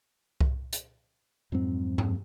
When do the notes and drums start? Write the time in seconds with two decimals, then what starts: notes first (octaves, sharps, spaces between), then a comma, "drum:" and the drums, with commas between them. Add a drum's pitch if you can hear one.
0.41 drum: kick C2
0.73 drum: hi-hat
1.52 F2 G#2 F#3 C4
1.98 drum: tom G2